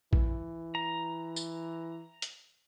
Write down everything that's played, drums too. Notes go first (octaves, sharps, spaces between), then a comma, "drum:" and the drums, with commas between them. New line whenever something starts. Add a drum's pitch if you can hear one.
E3, drum: kick A#1
A#5
drum: tambourine
drum: hi-hat